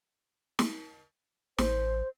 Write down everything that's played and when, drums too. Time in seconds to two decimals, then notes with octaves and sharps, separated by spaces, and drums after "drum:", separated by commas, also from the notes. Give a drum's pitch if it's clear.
0.59 drum: snare
1.58 A1 C5, drum: snare